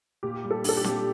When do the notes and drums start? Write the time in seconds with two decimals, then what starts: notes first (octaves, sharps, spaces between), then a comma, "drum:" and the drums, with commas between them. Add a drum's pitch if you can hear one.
0.23 A#2 G4
0.44 G3
0.51 A4
0.64 D4 A4, drum: open hi-hat
0.77 G4
0.84 A#2, drum: snare C4